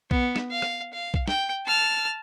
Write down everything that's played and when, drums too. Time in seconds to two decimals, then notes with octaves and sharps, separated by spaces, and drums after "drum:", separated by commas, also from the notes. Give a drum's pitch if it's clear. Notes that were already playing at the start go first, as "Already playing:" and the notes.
0.11 B3, drum: kick B1
0.36 drum: snare
0.51 F5
0.62 drum: rim click
0.93 F5
1.14 drum: kick B1
1.28 G5, drum: snare
1.66 A5 F6